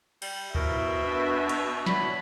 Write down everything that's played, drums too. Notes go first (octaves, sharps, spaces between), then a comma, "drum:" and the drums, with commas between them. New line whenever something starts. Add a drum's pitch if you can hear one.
G3, drum: cymbal
B2 F3 E4 A#4 E5, drum: kick
B3 D4 B4
drum: cymbal
D4 F#4 C#5 B5, drum: snare